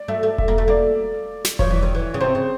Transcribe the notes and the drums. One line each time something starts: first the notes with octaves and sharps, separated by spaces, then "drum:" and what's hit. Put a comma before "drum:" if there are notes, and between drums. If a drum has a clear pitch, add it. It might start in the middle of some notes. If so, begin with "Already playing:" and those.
Already playing: D5
A3 E5
A3
E5, drum: kick E1
A#3
A3
A#3 D5
drum: snare
F3 C#5, drum: kick E1
E3
D#3
E3
C#3
C3 C5
C#3